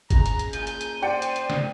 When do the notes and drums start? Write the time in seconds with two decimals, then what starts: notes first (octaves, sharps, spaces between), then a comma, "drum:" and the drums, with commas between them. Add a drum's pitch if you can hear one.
0.10 C#3 D#4 B4 A#5, drum: kick G1, hi-hat
0.26 drum: hi-hat
0.39 drum: hi-hat
0.53 A#2 G#3 A5 G6 D#7, drum: hi-hat
0.67 drum: hi-hat
0.81 drum: hi-hat
1.02 C5 D5 G5 C#7
1.22 drum: hi-hat
1.36 drum: hi-hat
1.50 drum: snare